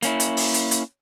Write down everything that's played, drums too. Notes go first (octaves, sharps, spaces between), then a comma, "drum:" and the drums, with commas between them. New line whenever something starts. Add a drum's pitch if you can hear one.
A#3 C#4 E4, drum: hi-hat
drum: hi-hat
drum: open hi-hat
drum: hi-hat
drum: hi-hat